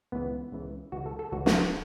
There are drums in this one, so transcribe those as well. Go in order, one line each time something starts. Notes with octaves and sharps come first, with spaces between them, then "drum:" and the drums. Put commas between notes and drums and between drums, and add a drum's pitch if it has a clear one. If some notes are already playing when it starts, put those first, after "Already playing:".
C#2 C#3 E3 B3
C#2 C#3 E3
C#2 C#3 E3 F#4
A4
A4
C#2 C#3 E3 F#4
F#4, drum: snare
A4